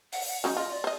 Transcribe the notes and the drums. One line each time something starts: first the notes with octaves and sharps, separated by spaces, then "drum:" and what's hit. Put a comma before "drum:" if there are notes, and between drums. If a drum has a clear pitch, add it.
F#5, drum: open hi-hat
F#5
F#3 G#3 C#4 D#4
F4 D#5
D5
C5 D#5